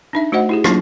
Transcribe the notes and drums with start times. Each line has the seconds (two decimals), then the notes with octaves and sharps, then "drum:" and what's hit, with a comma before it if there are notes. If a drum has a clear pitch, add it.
0.13 D4 D#4 E5
0.32 A3 F#4 C5 D#5 F#5
0.49 E4 G4 G#4
0.64 F#3 A#3 C#4 D4 F4, drum: rim click